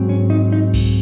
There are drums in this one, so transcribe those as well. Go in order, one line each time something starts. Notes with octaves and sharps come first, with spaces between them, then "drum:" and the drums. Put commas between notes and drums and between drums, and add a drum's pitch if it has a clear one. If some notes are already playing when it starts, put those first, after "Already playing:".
Already playing: G#2 F#3 C4
C#4
D#4
D#4
drum: kick C2, cymbal